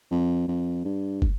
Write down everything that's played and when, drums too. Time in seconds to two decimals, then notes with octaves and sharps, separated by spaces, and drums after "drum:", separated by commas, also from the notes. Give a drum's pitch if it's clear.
0.11 F2
0.48 F2
0.85 G2
1.22 drum: kick